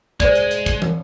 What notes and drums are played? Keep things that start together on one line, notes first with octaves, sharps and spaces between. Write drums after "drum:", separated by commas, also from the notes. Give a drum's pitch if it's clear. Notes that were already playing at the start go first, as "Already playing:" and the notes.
G#3 C5 D5, drum: kick, hi-hat
drum: hi-hat
drum: hi-hat
drum: kick, hi-hat
drum: tom